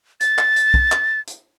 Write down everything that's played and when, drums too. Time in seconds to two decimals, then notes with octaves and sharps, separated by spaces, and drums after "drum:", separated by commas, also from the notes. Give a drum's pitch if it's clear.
0.21 A6, drum: hi-hat
0.38 drum: clap
0.56 drum: hi-hat
0.74 drum: kick
0.92 drum: clap
1.27 drum: hi-hat